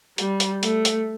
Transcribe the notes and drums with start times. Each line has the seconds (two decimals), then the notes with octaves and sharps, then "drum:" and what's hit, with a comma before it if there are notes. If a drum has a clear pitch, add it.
0.18 G3, drum: hi-hat
0.40 drum: hi-hat
0.63 A3, drum: hi-hat
0.85 drum: hi-hat